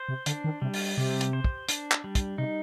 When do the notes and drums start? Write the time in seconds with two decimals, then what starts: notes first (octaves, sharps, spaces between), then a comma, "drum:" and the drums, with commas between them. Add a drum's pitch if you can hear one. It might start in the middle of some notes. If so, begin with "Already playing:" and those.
Already playing: C5
0.09 C3
0.26 D3 D4, drum: hi-hat
0.44 D#3
0.62 C3 G3
0.74 drum: open hi-hat
0.98 C3 G4
1.21 drum: hi-hat
1.33 C5
1.44 drum: kick
1.69 D4, drum: hi-hat
1.92 drum: clap
2.04 G3
2.15 drum: kick, hi-hat
2.38 C3 D#4